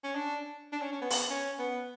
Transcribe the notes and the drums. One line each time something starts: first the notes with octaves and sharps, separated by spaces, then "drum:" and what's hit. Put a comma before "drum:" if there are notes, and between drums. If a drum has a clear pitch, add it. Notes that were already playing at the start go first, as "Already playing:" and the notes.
C#4
D4
D4
C#4
C#4
B3
drum: open hi-hat
C#4
B3